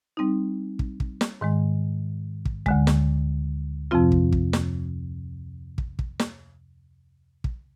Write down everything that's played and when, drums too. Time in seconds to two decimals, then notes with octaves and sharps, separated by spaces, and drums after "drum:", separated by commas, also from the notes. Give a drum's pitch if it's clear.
0.17 G3 C4 D#4
0.79 drum: kick
1.00 drum: kick
1.21 drum: snare
1.41 G#2 D#3 G#3
2.45 drum: kick
2.66 D2 D3 G#3, drum: kick
2.87 drum: snare
3.91 F2 C3 F3 C4 F4
4.12 drum: kick
4.32 drum: kick
4.53 drum: snare
5.78 drum: kick
5.99 drum: kick
6.19 drum: snare
7.44 drum: kick